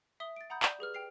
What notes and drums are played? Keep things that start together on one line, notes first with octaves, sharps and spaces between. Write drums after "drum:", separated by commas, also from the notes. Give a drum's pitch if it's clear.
E5 D#6 G7
A6 D7
F#5 A#5 B5 D#6 G6
D5 G6, drum: clap
G4 G#4 B4 F6
G5 F6 C7 F7